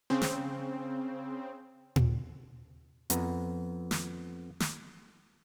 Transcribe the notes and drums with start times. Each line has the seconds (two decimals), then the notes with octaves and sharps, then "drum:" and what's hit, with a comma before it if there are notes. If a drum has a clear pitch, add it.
0.10 C#3 C4
0.21 drum: snare
1.96 drum: tom A#2
3.10 F2 B3 A#5, drum: hi-hat
3.91 drum: snare
4.60 drum: snare